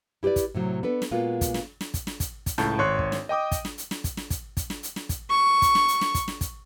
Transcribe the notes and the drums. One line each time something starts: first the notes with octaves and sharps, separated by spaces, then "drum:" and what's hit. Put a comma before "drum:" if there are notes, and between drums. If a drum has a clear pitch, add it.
E4 G4 A4 B4 D5
drum: kick, hi-hat
A2 C3 F#3
B3 D4 A4 B4
drum: snare
A#2 G#3 A#3 B3 F4 F#4
drum: kick, hi-hat
drum: snare
drum: snare
drum: kick, hi-hat
drum: snare
drum: kick, hi-hat
drum: kick, hi-hat
C#2 A2 A5 G6, drum: snare
G#1 C#5 C6 C#6 F#6
drum: kick
drum: snare
D#5 G5 D6 D#6
drum: kick, hi-hat
drum: snare
drum: hi-hat
drum: snare
drum: kick, hi-hat
drum: snare
drum: kick, hi-hat
drum: kick, hi-hat
drum: snare
drum: hi-hat
drum: snare
drum: kick, hi-hat
C#6
drum: kick, hi-hat
drum: snare
drum: hi-hat
drum: snare
drum: kick, hi-hat
drum: snare
drum: kick, hi-hat